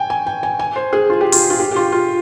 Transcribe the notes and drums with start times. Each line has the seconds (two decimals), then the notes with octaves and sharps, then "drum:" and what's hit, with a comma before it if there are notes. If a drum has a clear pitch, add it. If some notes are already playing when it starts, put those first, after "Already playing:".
Already playing: G5 G#5
0.10 G#5
0.27 G5
0.43 G#5
0.59 G#5
0.76 C5
0.93 G#4
1.10 F4
1.21 G4
1.32 F4, drum: open hi-hat
1.50 F4
1.59 G4
1.71 G4
1.76 F4
1.92 F4